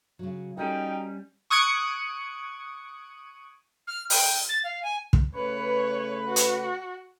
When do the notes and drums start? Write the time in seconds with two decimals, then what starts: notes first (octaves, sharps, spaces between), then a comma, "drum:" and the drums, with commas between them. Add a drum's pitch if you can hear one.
0.19 C#3 F#3
0.57 G3 C#4 D#4 F#4 A4 A#4 G5
1.50 C#6 D#6 F#6 G#6 C#7 D7
3.87 F6
4.10 G5, drum: open hi-hat
4.49 A6
4.64 F5
4.83 G#5
5.13 drum: kick
5.34 C#3 A3 B4 C#5
6.27 F#4
6.36 drum: hi-hat